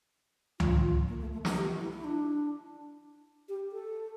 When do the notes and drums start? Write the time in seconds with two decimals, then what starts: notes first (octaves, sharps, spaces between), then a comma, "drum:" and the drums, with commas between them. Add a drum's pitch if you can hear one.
0.60 F4, drum: tom C#2
1.08 A#3
1.21 A3
1.33 A3
1.45 A3, drum: snare
1.56 G4
1.80 E4
1.93 E4
2.04 D4
3.49 G4
3.72 A4